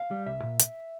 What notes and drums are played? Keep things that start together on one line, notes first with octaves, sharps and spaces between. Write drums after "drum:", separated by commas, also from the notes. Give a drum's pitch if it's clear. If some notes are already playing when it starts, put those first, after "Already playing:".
Already playing: F5
G3
C2 E5
A#2
drum: hi-hat